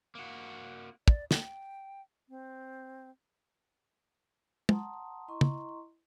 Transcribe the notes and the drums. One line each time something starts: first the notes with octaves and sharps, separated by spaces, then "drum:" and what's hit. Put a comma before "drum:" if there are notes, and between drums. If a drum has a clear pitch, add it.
A#3 F#4
D5, drum: kick
G5, drum: snare
C4
F#5 A5 A#5 C6 D#6, drum: tom
E4 D#5 A#5 C6 C#6
drum: tom